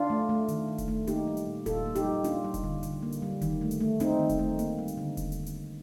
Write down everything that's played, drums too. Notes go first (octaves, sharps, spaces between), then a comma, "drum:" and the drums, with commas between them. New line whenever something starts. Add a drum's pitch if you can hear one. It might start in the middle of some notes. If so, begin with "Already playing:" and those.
Already playing: D4 F4
A3
A3
D#3, drum: hi-hat
D#3
drum: kick E1, hi-hat
A3
A#3 D#4 G4, drum: hi-hat
G3
drum: hi-hat
A#2
A#2 F4 A4, drum: kick E1, hi-hat
A#3
D#4 G4, drum: hi-hat
G3
A#3 D4 F4, drum: hi-hat
G3
drum: kick E1, hi-hat
D3
D3, drum: hi-hat
A#3
drum: hi-hat
G3
D#3, drum: kick E1, hi-hat
A3
drum: hi-hat
A3
D#3 C4 D#4, drum: hi-hat
D#3
drum: kick E1, hi-hat
A3
A#3, drum: hi-hat
G3
drum: hi-hat
D3
drum: kick E1, hi-hat
drum: hi-hat
drum: hi-hat